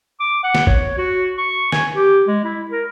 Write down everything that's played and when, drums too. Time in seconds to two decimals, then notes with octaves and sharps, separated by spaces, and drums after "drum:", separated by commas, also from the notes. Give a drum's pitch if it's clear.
0.20 D6
0.44 F#5
0.55 drum: snare
0.67 C#5, drum: kick
0.98 F#4
1.37 C#6
1.72 G#5, drum: snare
1.95 G4
2.28 G#3
2.45 E4
2.71 A#4